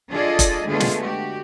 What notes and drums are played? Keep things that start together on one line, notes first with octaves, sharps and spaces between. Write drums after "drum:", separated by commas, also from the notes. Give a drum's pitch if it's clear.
D4 F4 G#4 A4 D5 D#5
drum: kick, hi-hat
D3 G#3 A3 B3 F4 G#4
drum: snare
F#4 G4